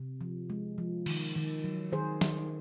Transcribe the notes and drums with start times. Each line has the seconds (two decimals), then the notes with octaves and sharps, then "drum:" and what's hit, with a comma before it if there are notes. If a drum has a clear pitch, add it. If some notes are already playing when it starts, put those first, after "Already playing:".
Already playing: C3
0.21 F3
0.50 G#3
0.78 F3
1.06 D#3, drum: cymbal
1.35 D#3
1.64 F#3
1.92 D#3 G#4 C5
2.21 D#3, drum: snare